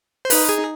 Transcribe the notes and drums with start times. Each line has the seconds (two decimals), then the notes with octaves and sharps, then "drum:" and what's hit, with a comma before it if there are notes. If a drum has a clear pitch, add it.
0.25 C5
0.30 D#4 B4, drum: open hi-hat
0.49 G#4